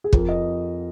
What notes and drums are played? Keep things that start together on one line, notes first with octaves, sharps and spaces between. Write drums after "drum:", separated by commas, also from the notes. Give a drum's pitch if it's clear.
G#4
F2 A#4, drum: kick
D#5